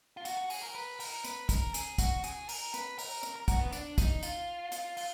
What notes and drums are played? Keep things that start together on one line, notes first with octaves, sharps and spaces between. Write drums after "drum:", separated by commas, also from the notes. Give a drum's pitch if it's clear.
F4
F#4, drum: hi-hat
F#4
G#4, drum: open hi-hat
A#4
B4
A#4, drum: open hi-hat
B4, drum: hi-hat
A#4, drum: kick, hi-hat
G#4, drum: hi-hat
F#4, drum: kick, hi-hat
G#4, drum: hi-hat
A#4, drum: open hi-hat
B4, drum: hi-hat
A#4, drum: open hi-hat
A#4, drum: hi-hat
A#4
F#4, drum: kick, hi-hat
B3
D4, drum: hi-hat
D#4, drum: kick, hi-hat
F4, drum: hi-hat
F4, drum: hi-hat
F4, drum: open hi-hat